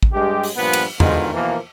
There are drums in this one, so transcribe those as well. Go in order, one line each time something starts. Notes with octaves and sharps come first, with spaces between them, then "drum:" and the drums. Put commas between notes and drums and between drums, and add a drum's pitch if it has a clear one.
drum: kick
G2 G#3 G4
drum: open hi-hat
G2 A#2 F3 B3
drum: cymbal
G#2 B2 D3 D#3 G#3 F4, drum: tom E2
B2 E3 F3 A#3